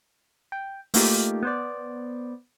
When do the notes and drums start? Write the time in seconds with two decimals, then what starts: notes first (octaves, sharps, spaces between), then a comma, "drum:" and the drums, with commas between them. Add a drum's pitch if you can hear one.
0.52 G5
0.94 A3 A#3 D#4 F4 G4, drum: open hi-hat
1.43 B3 C5 D5